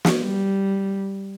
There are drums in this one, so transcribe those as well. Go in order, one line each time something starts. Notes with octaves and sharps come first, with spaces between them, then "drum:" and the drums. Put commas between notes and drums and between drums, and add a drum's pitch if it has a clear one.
drum: snare
G3